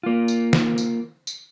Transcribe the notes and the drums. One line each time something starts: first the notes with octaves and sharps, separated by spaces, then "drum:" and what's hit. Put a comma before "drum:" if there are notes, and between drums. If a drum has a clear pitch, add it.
A#3 F4
drum: tambourine
drum: snare
drum: tambourine
drum: tambourine